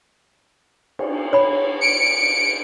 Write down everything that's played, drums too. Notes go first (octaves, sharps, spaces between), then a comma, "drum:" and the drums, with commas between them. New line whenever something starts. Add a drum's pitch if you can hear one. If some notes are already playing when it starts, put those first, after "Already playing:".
drum: cymbal
C#5 B5
C#7 D7